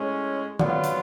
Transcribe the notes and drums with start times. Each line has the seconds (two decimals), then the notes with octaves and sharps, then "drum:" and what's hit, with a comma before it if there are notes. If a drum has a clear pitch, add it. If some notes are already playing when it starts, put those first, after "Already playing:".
Already playing: A2 G#3 C#4
0.59 G#2 F#3 B3 F4 D5 F#5, drum: tom D3
0.84 drum: hi-hat